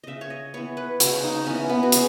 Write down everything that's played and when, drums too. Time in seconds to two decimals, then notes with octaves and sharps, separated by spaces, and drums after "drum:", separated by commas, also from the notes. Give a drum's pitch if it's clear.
0.03 C#3 D#5 E5
0.21 C#5
0.30 D#5
0.54 E3 B3 C#5
0.77 B4
1.00 C#3 F#4, drum: hi-hat
1.24 D#4
1.46 E3 B3 C#4
1.70 B3
1.83 F#4
1.92 C#3 G#4, drum: hi-hat